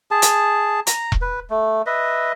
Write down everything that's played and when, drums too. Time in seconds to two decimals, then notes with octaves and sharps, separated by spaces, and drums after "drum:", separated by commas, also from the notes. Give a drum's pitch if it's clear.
0.11 G#4 A5
0.22 drum: hi-hat
0.87 A#5, drum: hi-hat
1.12 drum: kick E1
1.21 B4
1.50 A3
1.86 B4 D#5 E5